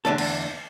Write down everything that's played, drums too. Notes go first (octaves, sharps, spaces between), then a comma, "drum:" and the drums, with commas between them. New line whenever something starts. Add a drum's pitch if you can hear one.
E2 D3 A3 D4 A4
drum: cymbal